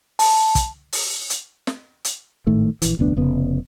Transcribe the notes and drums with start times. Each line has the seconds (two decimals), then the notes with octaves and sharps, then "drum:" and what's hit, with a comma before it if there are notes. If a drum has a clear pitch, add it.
0.19 A5, drum: open hi-hat
0.55 drum: kick, hi-hat
0.93 drum: open hi-hat
1.30 drum: hi-hat
1.67 drum: snare
2.05 drum: hi-hat
2.47 G#1 A2 D#3 A3
2.82 A#1 E3, drum: hi-hat
2.99 F1 D2 B3 D4
3.17 F1 C#3 B3